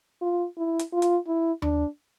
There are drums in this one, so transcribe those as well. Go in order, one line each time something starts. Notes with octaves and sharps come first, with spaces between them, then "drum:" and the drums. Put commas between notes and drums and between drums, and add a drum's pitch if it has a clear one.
F4
E4
drum: hi-hat
F4
drum: hi-hat
E4
D4, drum: tom D#2